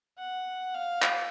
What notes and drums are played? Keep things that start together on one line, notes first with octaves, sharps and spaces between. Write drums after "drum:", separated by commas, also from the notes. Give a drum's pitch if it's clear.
F#5
F5
drum: clap